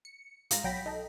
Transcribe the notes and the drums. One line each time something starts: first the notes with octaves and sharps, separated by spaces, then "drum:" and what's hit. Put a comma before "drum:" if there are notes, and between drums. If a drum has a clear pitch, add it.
C#7
G#2 F4 A#5, drum: hi-hat
B1 F#3 G5 B5 A#6 B6
D#4 A4